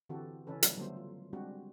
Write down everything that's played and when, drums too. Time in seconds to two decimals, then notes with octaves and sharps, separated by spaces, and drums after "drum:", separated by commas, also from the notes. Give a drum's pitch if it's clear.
0.09 D3 E3 C4 F#4 G4 A4
0.47 C#3 E3 C#4 A4 B4
0.63 F#3 G3 B3, drum: hi-hat
0.77 D3 F#3 G3 A3 B3 C5
0.96 F4
1.33 G3 G#3 C4 D4 F#4 G4